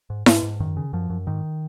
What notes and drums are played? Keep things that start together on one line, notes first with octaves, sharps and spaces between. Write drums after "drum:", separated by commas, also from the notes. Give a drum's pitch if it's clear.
G#2
G#2, drum: snare E4
G#2
F#2 D#3
C#3
F#2 F3
F#2
G#2 D#3